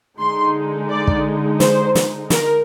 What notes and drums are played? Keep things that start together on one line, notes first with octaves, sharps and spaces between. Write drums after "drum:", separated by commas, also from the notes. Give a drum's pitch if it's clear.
D3 G#3 D#4 C6
D5
drum: kick
C5, drum: snare
drum: snare
A#4, drum: snare